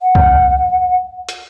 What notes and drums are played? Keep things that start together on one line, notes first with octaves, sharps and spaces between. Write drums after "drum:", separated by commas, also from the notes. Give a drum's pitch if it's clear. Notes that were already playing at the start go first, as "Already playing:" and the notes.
F#5
drum: kick C2
drum: hi-hat